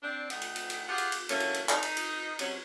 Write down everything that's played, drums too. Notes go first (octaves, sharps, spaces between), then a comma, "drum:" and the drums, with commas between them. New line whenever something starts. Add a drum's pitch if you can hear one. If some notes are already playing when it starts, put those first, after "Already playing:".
C4 D4
D2 D#4 F#5, drum: cymbal
drum: cymbal
drum: cymbal
drum: cymbal
F4 G4 G#4 F#5
drum: cymbal
drum: cymbal
D3 E3 F#3 A#3 C#4, drum: cymbal
drum: cymbal
drum: cymbal
D#4, drum: clap
drum: cymbal
drum: cymbal
C3 F#3 C#4, drum: cymbal